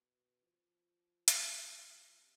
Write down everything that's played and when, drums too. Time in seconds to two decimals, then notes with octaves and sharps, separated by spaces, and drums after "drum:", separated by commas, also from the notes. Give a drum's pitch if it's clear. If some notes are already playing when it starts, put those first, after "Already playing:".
Already playing: B2
0.43 F3
1.28 drum: hi-hat
1.61 E3
1.76 F#3
1.90 F3
2.05 F3
2.19 C3